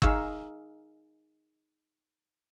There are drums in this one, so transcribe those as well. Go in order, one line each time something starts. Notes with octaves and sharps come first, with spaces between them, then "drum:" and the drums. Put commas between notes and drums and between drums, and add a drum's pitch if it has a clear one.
D#4 G#4 F5 C#6 E6, drum: kick G1